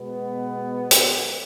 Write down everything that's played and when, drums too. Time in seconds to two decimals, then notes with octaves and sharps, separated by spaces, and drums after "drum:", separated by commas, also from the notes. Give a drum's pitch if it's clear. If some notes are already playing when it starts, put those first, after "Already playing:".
Already playing: B2 G#3 B3
0.91 drum: hi-hat